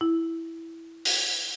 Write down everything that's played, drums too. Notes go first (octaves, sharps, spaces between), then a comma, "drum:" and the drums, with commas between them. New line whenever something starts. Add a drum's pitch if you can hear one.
E4
drum: open hi-hat